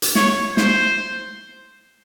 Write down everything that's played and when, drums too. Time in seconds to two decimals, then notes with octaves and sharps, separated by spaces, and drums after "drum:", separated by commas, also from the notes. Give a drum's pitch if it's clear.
0.02 drum: hi-hat
0.15 C#5, drum: snare
0.57 C5, drum: snare